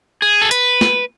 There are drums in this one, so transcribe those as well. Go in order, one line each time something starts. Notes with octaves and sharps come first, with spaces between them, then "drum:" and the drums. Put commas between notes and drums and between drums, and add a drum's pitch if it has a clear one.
G#4
A4
B4, drum: hi-hat
drum: snare